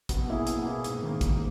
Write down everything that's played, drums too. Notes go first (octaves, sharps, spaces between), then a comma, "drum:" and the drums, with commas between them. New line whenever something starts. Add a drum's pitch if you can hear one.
B2, drum: kick, hi-hat
A#3 E4 G#4
B2, drum: hi-hat
A#3 E4 G#4
G#2, drum: hi-hat
D#3 A#3
G#2, drum: kick, hi-hat